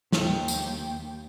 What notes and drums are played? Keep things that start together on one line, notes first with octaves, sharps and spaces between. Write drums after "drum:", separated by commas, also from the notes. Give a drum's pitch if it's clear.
D#2 G5, drum: snare
drum: tambourine